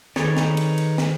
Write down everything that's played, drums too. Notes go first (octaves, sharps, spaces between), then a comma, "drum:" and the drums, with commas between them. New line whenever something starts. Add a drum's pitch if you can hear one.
D#3 D#4 G#4 A4 B4 C#5 D5, drum: snare
drum: snare
drum: cymbal
drum: cymbal
drum: snare